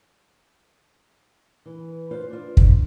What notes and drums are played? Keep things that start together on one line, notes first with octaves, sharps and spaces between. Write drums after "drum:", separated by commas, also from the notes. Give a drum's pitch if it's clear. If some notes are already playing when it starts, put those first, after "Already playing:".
E3
F4 B4 C5
D4 F4
drum: kick